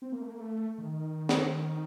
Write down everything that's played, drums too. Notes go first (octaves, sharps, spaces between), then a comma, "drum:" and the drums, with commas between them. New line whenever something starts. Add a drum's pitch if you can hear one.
C4
A#3
A3
A#3
A3
D#3
drum: snare